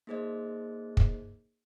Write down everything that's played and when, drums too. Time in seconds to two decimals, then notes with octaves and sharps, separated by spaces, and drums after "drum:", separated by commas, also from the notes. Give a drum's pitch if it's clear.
0.07 A#3 D#4 G#4 C5 D5 D#5
0.97 drum: kick